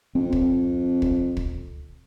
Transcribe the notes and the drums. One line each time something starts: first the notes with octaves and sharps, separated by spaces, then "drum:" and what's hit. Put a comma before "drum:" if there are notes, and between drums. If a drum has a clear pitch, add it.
F2 C4
drum: kick
drum: kick
drum: kick